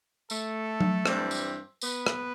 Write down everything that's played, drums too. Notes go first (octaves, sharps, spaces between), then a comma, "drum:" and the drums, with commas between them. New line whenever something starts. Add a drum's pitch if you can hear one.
A3 A4, drum: tambourine
drum: tom F#3
G2 E3 G3 C4, drum: rim click
drum: tambourine
B3 B4, drum: tambourine
drum: rim click